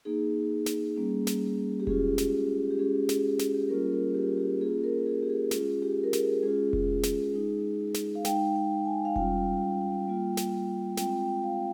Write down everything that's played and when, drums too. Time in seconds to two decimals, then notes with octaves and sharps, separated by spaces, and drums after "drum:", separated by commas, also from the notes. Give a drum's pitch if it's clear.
0.05 A#3 D#4 G#4
0.66 drum: snare
0.96 G3 A#3 C#4
1.27 drum: snare
1.80 G4
1.87 G#3 C#4 F4 G#4, drum: kick F1
2.18 drum: snare
2.71 G4
2.79 G#3 C#4 F4 G#4
3.09 G#4, drum: snare
3.39 drum: snare
3.55 G4
3.61 G#4
3.69 G3 A#3 C#4 F4 A#4
3.92 A#4
4.15 G4
4.37 G4
4.60 A#3 C#4 F4 G#4
4.84 A#4
5.06 G#4
5.23 G4
5.30 G#4
5.51 G#3 C#4 F4 G#4, drum: snare
5.82 G4
6.04 A#4
6.13 G#4, drum: snare
6.43 G#3 C#4 F4 G#4
6.73 drum: kick F1
7.03 drum: snare
7.34 G#3 D#4
7.94 drum: snare
8.15 F5
8.25 G#3 D#4 G5, drum: snare
8.56 G5
8.85 G#5
9.05 F5
9.16 G3 C#4 F4 G5, drum: kick F1
10.07 G3 A#3 F4
10.37 drum: snare
10.97 G#3 C4 F4 G5, drum: snare
11.21 G5
11.44 F5